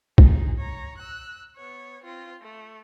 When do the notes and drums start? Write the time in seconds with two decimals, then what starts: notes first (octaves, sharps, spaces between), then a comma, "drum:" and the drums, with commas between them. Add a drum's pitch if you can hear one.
0.18 D#4 G#4, drum: kick
0.58 C#5 A#5
0.98 E6 F#6
1.56 B3 C#5
2.04 C4 F4
2.42 A3